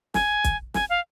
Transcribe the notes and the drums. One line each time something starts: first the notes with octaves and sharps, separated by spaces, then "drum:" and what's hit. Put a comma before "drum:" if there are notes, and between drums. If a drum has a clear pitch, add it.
G#5, drum: snare
drum: kick, hi-hat
G#5, drum: snare
F5